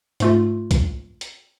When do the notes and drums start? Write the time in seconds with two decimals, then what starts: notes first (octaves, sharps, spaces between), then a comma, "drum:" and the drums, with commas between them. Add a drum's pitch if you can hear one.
0.20 G#2 A3 F4, drum: hi-hat
0.71 drum: kick B1, hi-hat
1.21 drum: hi-hat